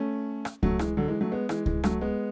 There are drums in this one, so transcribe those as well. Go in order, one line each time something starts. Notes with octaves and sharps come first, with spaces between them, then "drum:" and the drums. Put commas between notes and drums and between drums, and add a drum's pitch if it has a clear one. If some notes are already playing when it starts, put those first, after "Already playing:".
Already playing: A3 C#4
drum: rim click
F#3 A3, drum: kick C#2
E3 G#3, drum: rim click
D3 F#3
E3 G#3
F#3 A3
G#3 B3
E3 G#3, drum: rim click
E3 G#3, drum: kick C#2
F#3 A3, drum: rim click
G#3 B3